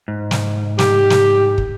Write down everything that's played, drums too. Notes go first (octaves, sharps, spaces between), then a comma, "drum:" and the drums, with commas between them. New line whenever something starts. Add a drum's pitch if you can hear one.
G#2
drum: snare
G4, drum: snare
drum: snare
drum: kick